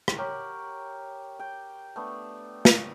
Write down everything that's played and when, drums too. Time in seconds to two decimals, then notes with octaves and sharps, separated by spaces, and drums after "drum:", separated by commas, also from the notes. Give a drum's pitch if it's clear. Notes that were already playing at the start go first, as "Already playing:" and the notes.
0.08 drum: rim click
0.18 G4 A#4 C#5 F#5
1.39 G5
1.96 A3 B3 D4
2.65 drum: snare